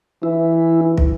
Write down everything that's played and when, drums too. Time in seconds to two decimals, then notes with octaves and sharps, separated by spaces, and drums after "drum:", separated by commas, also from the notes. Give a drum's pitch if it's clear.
0.23 E3 E4
0.97 drum: kick